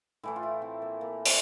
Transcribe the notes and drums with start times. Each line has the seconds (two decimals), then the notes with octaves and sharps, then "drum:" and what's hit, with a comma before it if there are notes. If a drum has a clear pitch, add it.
0.23 A2 E3 A3 E4
0.36 F4
0.43 E4
0.62 C4
0.82 A#3
1.01 A#3
1.26 C4, drum: open hi-hat